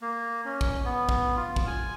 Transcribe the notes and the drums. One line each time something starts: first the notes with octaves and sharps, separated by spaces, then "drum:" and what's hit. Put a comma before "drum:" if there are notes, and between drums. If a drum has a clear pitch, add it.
A#3
C#4
drum: kick
B3
drum: kick
F4
drum: kick
G#5